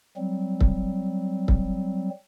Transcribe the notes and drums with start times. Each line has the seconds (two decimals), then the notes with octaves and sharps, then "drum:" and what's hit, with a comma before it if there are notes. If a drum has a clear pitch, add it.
0.17 F#3 G3 C4
0.61 drum: kick
1.48 drum: kick